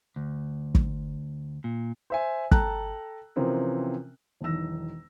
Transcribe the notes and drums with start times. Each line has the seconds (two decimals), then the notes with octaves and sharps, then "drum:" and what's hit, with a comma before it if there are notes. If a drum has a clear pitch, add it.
0.16 D2
0.75 drum: kick
1.64 A#2
2.10 C5 E5 G#5
2.51 A4 G5 A5 A#5 F#6, drum: kick
3.36 C3 E3 F3 C4 C#4 A#4
4.41 E1 B1 D#3 E3 E6 A#6